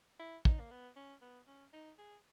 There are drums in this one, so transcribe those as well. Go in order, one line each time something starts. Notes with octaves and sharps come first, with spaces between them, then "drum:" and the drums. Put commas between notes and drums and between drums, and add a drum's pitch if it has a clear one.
E4
D#4, drum: kick
A#3
B3
C#4
B3
C#4
D#4
G#4